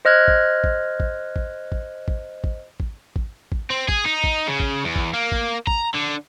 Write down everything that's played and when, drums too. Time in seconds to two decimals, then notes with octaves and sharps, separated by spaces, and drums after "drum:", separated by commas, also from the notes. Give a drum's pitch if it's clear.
0.05 C5 D#5 F6 F#6 G#6
0.28 drum: kick
0.64 drum: kick
1.00 drum: kick
1.36 drum: kick
1.72 drum: kick
2.08 drum: kick
2.44 drum: kick
2.80 drum: kick
3.16 drum: kick
3.52 drum: kick
3.70 C4
3.89 G#4, drum: kick
4.06 D#4
4.24 drum: kick
4.47 C#3
4.60 drum: kick
4.84 E2
4.96 drum: kick
5.14 A#3
5.32 drum: kick
5.67 A#5, drum: kick
5.95 D3